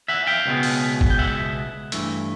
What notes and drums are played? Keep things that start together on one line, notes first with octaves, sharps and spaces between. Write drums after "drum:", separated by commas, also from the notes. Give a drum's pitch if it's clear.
E5 F#5
F5 G5
C#2 B2 G#3 B3
drum: open hi-hat
drum: kick
G5
E5 F#5
G2 E3 A3, drum: hi-hat